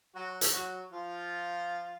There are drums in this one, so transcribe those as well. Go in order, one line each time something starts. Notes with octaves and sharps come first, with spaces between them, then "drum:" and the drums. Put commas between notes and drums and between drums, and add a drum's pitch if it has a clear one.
F#3 F#4
drum: hi-hat
F#3 F#4
F3 F4